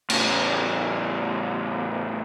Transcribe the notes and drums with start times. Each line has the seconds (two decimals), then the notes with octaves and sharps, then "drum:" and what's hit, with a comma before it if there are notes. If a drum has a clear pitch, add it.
0.10 A2 C#3, drum: cymbal